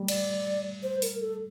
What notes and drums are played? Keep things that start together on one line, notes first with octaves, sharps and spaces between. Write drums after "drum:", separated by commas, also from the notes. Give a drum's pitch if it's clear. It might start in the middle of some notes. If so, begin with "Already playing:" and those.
Already playing: G3 A3
D5, drum: cymbal
C5
A#4, drum: open hi-hat
A4